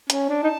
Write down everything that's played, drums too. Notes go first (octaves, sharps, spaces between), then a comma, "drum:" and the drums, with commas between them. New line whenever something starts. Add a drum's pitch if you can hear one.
C#4, drum: hi-hat
D4 A5
D#4